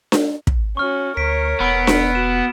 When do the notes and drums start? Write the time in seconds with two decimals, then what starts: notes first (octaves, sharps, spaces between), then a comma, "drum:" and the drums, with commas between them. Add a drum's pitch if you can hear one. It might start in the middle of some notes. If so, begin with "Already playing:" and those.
0.12 drum: snare D4
0.47 drum: kick
0.77 C#4 F#4 C#6 F6
1.17 D2 A#4 C#5 B6 D7
1.60 E1 B3 B5 E6 D7
1.87 drum: snare D4
2.15 F#4 E7